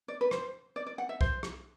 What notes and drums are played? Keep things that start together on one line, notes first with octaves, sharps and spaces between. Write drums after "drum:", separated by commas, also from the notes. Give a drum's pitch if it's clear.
D5
B4
C5, drum: rim click
D5
D5
F#5
E5
C5, drum: kick B1
drum: rim click